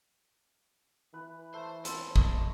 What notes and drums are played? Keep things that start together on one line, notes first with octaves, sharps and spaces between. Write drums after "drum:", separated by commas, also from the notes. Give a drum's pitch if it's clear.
E3 B4
A3 C5
A4 C5 A5 C6 E6, drum: hi-hat
F2 D#5 A5 C#6 A#6, drum: kick